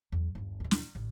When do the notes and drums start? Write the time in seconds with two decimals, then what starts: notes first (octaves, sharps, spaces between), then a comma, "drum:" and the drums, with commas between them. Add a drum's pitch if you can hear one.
0.12 E2 F#3
0.35 G1 D#2
0.60 D#2 B2
0.71 drum: snare
0.95 A1 D3